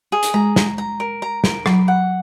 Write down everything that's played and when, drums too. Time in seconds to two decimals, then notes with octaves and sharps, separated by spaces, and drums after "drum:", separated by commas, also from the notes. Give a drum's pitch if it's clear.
0.12 G#4
0.23 drum: hi-hat
0.34 G#3 A#5
0.56 A#5, drum: snare
0.78 A#5
1.00 A#4
1.22 A#5
1.44 A#4, drum: snare
1.66 F#3 B5, drum: rim click
1.88 F#5